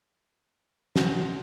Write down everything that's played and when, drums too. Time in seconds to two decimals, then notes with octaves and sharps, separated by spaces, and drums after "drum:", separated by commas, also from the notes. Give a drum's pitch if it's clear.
0.96 F3 F#5, drum: snare